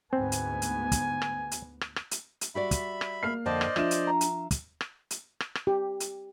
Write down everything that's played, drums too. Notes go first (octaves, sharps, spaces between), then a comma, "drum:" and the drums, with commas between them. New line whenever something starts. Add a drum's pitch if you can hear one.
D2 G#2 B3 C4 G#5
drum: hi-hat
drum: hi-hat
drum: kick, hi-hat
drum: rim click
drum: hi-hat
drum: rim click
drum: rim click
drum: hi-hat
drum: hi-hat
G3 F#4 D5 E5 B5
drum: kick, hi-hat
drum: rim click
A#3 F6 C7
F2 D3 C5 D5 D#5 A5
drum: rim click
F3 D4 E5 E7, drum: rim click
drum: hi-hat
A#5
drum: hi-hat
drum: kick, hi-hat
drum: rim click
drum: hi-hat
drum: rim click
drum: rim click
G4
drum: hi-hat